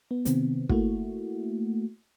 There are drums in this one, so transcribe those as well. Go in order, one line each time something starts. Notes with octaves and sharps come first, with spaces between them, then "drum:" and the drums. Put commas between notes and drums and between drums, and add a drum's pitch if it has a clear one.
B3
C3 D#3 B3 C4, drum: hi-hat
A3 A#3 E4 F#4, drum: kick